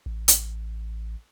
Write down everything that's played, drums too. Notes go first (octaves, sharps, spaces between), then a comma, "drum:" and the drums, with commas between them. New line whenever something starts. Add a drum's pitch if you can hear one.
A1
drum: hi-hat